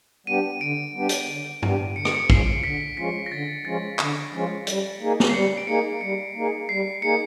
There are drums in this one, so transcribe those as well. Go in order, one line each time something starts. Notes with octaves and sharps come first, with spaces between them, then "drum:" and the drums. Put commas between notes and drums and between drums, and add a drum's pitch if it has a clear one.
G3 B3 D4 G4 D#7
D3 D7
G3 B3 D4 G4
drum: hi-hat
D3
G3 B3 D4 G4, drum: tom G2
D3 C#7
D7, drum: rim click
C#7
F3 G#3 C#4 F4 C7, drum: kick
D3 B6
F3 G#3 C#4 F4 B6
A#6
D3 A6
F3 G#3 C#4 F4 A6
D3, drum: clap
F3 G#3 C#4 F4
G3, drum: hi-hat
A#3 D#4 G#4
drum: snare
C7
G3 C#7
D7
A#3 D#4 G#4 C#7
G3 C#7
A#3 D#4 G#4
G3 C7
A#3 D#4 G#4 C#7